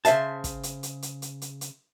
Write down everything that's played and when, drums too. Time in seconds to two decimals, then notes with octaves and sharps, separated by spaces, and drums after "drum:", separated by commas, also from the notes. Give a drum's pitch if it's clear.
0.05 C#3 C5 E5 F5 A5, drum: hi-hat
0.44 drum: kick, hi-hat
0.63 drum: hi-hat
0.83 drum: hi-hat
1.02 drum: hi-hat
1.22 drum: hi-hat
1.42 drum: hi-hat
1.61 drum: hi-hat